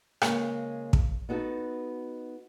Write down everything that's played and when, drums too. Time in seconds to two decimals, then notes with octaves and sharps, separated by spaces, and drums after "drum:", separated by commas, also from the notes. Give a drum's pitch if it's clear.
0.22 C#3 G#3 A#3, drum: rim click
0.93 drum: kick
1.29 B3 D#4 F#4 A4